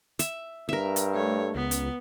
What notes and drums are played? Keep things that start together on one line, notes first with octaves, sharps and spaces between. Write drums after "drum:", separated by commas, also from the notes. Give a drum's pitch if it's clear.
E5, drum: hi-hat
G2 A#4 E5
drum: hi-hat
A3 C#5
C#2 B3
drum: hi-hat